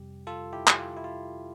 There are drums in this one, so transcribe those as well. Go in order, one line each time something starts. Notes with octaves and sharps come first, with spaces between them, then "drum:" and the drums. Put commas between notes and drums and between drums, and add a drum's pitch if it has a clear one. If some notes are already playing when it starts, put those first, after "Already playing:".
Already playing: F2 C3 G3 G4
F4 A4
E4 G4
drum: clap
F4
E4
F4